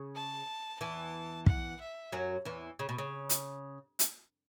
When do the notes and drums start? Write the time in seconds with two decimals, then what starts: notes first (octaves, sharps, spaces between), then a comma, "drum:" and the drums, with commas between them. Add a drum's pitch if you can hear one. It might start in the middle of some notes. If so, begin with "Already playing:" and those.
Already playing: C#3
0.15 A5
0.80 E2 E3 A5
1.46 F#5, drum: kick
1.81 E5
2.12 F#2 F#3
2.45 E2 E3
2.79 C#3
2.89 B2
2.98 C#3
3.29 drum: hi-hat
3.99 drum: hi-hat